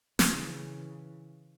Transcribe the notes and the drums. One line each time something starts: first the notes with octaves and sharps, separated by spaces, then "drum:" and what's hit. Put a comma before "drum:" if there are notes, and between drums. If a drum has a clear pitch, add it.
C#3 E3, drum: snare